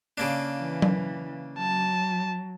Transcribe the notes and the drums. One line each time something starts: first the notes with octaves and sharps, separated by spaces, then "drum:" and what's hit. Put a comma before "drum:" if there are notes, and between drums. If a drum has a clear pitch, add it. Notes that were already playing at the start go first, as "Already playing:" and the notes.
C#3 A#3 D4
E3
drum: tom F#3
F#3 A5